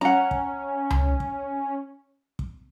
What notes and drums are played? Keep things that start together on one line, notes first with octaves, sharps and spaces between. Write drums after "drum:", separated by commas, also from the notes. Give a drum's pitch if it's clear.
C#4 F#5 A#5
drum: kick
drum: tom C#2
drum: kick
drum: kick